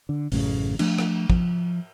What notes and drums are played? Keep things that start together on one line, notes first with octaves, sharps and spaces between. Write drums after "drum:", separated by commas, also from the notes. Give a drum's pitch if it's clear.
D3
A1 F#2 A2 C#3, drum: open hi-hat
F3 A3 D4, drum: cymbal
drum: rim click
F3, drum: kick